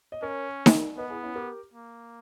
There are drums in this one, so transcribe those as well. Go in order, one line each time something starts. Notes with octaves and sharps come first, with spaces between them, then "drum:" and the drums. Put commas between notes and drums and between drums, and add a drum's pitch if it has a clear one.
D#5
C#4 A#4 C#5
drum: snare D#4
B3 B4 D#5
E4 G#4
C#4 E4
G4 A#4
A#3